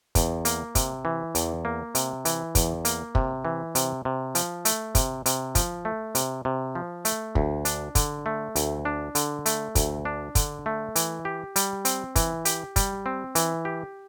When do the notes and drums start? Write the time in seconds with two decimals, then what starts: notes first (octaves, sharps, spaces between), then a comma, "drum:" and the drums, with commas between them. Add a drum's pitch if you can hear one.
0.15 E2, drum: kick, hi-hat
0.45 A#3, drum: hi-hat
0.75 C3, drum: kick, hi-hat
1.05 E3
1.35 E2, drum: hi-hat
1.65 A#3
1.95 C3, drum: hi-hat
2.25 E3, drum: hi-hat
2.55 E2, drum: kick, hi-hat
2.85 A#3, drum: hi-hat
3.15 C3, drum: kick
3.45 E3
3.75 C3, drum: hi-hat
4.05 C3
4.35 F3, drum: hi-hat
4.65 A3, drum: hi-hat
4.95 C3, drum: kick, hi-hat
5.26 C3, drum: hi-hat
5.55 F3, drum: kick, hi-hat
5.85 A3
6.15 C3, drum: hi-hat
6.45 C3
6.75 F3
7.05 A3, drum: hi-hat
7.35 D2, drum: kick
7.65 D4, drum: hi-hat
7.95 D3, drum: kick, hi-hat
8.26 A3
8.56 D2, drum: hi-hat
8.85 D4
9.15 D3, drum: hi-hat
9.46 A3, drum: hi-hat
9.75 D2, drum: kick, hi-hat
10.05 D4
10.35 D3, drum: kick, hi-hat
10.66 A3
10.96 E3, drum: hi-hat
11.25 G4
11.56 G3, drum: hi-hat
11.85 C4, drum: hi-hat
12.16 E3, drum: kick, hi-hat
12.45 G4, drum: hi-hat
12.76 G3, drum: kick, hi-hat
13.06 C4
13.35 E3, drum: hi-hat
13.65 G4